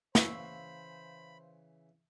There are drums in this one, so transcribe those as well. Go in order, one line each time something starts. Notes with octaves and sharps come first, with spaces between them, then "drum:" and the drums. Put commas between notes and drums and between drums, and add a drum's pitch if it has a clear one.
C#3 E3 C5 F5 B5 C#6 E6, drum: snare